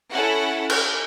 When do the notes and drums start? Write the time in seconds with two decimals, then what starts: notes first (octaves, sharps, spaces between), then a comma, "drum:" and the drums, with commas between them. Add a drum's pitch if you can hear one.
0.13 C#4 E4 A4 F#5
0.69 drum: cymbal